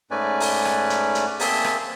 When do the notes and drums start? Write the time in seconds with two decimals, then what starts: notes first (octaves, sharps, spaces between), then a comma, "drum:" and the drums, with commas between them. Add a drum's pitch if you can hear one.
0.11 G#2 A3 C#4 B4 D5 G#5
0.40 drum: open hi-hat
0.65 drum: rim click
0.90 drum: hi-hat
1.15 drum: hi-hat
1.40 A#3 C4 G#4 E5 A5, drum: open hi-hat
1.64 drum: rim click